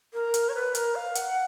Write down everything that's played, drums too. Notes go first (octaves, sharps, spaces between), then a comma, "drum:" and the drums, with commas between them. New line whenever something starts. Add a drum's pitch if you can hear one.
A#4
drum: hi-hat
C#5
B4
A#4, drum: hi-hat
F5
F#5, drum: hi-hat